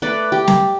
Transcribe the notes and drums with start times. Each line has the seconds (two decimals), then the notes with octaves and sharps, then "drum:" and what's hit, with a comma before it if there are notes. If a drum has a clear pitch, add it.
0.02 A3 B4 D5
0.32 G4
0.47 drum: snare